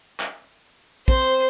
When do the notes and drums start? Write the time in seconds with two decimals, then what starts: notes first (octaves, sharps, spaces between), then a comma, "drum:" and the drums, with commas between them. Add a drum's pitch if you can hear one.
0.20 drum: clap
1.08 C4 C5, drum: kick